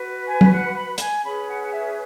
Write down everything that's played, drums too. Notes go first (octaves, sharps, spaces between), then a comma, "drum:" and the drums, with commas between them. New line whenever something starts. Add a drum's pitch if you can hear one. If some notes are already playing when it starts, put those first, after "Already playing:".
Already playing: F#4 B4
G#5
drum: tom
F#5
B5
F#5
G#5, drum: hi-hat
C#4 G#4 B4 B5
F#5
F#5
E5